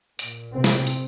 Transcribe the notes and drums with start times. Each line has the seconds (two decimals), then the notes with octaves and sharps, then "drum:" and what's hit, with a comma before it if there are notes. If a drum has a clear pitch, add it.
0.19 A#2, drum: hi-hat
0.53 C3 C4
0.64 drum: snare
0.87 drum: hi-hat